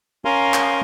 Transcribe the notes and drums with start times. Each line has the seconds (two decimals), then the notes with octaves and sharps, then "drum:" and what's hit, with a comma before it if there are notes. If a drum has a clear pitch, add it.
0.25 C#4 A#4 F5 G#5 A#5 C6
0.54 drum: clap